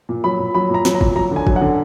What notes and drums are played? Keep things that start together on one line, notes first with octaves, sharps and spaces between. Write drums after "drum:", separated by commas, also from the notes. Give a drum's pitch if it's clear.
A#2
F#3 B5
A#2
F#3 B5
A#2 A#5
F#3, drum: snare
A#5
A#2, drum: kick G1
F#3 A#5
D3 G#5
F#3, drum: kick G1
F#5
D3